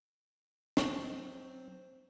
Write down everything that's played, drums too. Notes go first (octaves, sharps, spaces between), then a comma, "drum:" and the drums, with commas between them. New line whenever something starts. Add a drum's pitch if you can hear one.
F#3 C4 C5, drum: snare